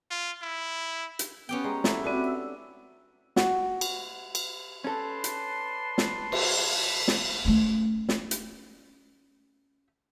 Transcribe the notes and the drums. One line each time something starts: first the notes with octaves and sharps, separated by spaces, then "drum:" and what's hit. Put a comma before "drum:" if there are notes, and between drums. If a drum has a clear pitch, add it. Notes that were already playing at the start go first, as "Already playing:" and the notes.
F4
E4
drum: hi-hat
B3 C#4 G4 G5
G#3 A#5
B3 E4 A4 E5, drum: snare
B3 C4 D4 F#4
E6
F#4, drum: snare
drum: cymbal
drum: cymbal
C#4 A4 B4 D5 A5 C6
drum: hi-hat
drum: snare
drum: cymbal
drum: snare
A3 C#4
drum: snare
drum: hi-hat